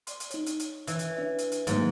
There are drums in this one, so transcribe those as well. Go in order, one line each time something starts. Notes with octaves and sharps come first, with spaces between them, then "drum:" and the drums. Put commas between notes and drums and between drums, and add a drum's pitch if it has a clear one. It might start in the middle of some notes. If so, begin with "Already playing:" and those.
D5 C6, drum: hi-hat
drum: hi-hat
D#4 C#5, drum: hi-hat
drum: hi-hat
drum: hi-hat
E3, drum: hi-hat
drum: hi-hat
D4 E5
drum: hi-hat
drum: hi-hat
G#2 D#3 F#3 A#3, drum: hi-hat